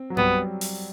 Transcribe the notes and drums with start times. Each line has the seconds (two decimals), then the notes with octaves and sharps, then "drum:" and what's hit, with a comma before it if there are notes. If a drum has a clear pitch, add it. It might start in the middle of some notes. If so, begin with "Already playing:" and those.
Already playing: C4
0.10 F#3
0.17 G3 B3, drum: tom G2
0.61 drum: open hi-hat